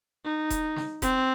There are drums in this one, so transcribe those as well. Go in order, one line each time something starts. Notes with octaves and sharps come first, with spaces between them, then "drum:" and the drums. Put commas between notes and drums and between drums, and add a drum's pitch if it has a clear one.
D#4
drum: kick E1, hi-hat
drum: snare
C4, drum: kick E1, hi-hat